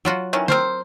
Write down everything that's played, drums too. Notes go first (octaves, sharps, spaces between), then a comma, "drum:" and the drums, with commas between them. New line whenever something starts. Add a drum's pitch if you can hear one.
F#3 F4 F#4
D#3 E3 C#4
C4 A#4 C5, drum: snare